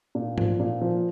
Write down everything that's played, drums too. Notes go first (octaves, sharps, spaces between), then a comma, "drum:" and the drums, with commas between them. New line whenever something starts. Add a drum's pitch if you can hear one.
A#2
F3, drum: tom G#2
A#2
F3